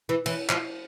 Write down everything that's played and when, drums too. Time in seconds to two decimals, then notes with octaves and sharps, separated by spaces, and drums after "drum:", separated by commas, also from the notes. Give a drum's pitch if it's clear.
0.09 E3
0.26 E3, drum: cymbal
0.50 F3, drum: clap